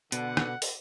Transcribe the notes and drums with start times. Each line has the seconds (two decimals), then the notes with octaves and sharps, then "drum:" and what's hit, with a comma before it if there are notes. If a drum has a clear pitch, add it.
0.12 B2 D3 B3 F#5, drum: hi-hat
0.37 drum: rim click
0.62 drum: open hi-hat